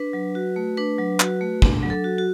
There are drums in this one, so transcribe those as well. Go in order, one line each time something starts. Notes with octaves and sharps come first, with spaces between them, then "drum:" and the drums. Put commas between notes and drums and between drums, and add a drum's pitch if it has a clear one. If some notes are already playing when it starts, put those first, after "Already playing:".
Already playing: D4 B4
F#3
F#4
A3
D4 B4
F#3
F#4, drum: clap
A3
D4, drum: kick
F#3
A4
F#4
F#4